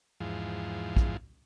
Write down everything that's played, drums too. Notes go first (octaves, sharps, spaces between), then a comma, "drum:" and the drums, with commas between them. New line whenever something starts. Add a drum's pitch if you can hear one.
E2 G#2 F3
drum: kick